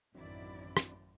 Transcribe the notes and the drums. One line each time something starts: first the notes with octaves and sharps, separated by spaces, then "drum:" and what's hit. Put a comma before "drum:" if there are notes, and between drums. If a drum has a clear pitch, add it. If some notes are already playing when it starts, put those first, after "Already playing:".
A1 F#2 D#3 F#3 C4 D4 E4 D5
drum: rim click